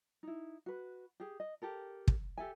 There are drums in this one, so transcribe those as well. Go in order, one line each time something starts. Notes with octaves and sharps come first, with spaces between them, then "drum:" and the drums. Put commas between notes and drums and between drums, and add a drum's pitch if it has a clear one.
D#4 E4
F#4 B4
G4 G#4
D#5
G4 A4 A#4
drum: kick
G4 A4 E5 G#5